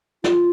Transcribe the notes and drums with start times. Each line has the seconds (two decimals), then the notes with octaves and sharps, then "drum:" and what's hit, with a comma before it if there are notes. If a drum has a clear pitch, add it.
0.24 F4, drum: snare